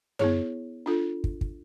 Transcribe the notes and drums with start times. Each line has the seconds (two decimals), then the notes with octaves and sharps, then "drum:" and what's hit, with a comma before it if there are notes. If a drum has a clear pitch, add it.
0.19 B3 E4 G#4 C#5, drum: tom F#2
0.86 D4 F4 A4
1.24 drum: kick
1.41 drum: kick